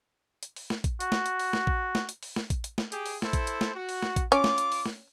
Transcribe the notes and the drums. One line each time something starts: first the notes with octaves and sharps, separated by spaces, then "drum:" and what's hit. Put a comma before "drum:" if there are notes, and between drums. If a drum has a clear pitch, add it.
drum: hi-hat
drum: open hi-hat
drum: snare
drum: kick A1, hi-hat
F#4, drum: hi-hat
drum: snare
drum: hi-hat
drum: open hi-hat
drum: snare
drum: kick A1
drum: snare
drum: hi-hat
drum: open hi-hat
drum: snare
drum: kick A1, hi-hat
drum: hi-hat
drum: snare
G4 G#4 G5, drum: hi-hat
drum: open hi-hat
E4 A4 C5, drum: snare
drum: kick A1, hi-hat
drum: hi-hat
drum: snare
F#4
drum: open hi-hat
drum: snare
drum: kick A1, hi-hat
C#4 F4 D6, drum: hi-hat
drum: snare
drum: hi-hat
drum: open hi-hat
drum: snare